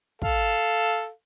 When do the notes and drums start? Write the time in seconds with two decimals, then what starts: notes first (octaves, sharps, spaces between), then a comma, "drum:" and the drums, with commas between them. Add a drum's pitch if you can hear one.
0.22 A4 F5, drum: kick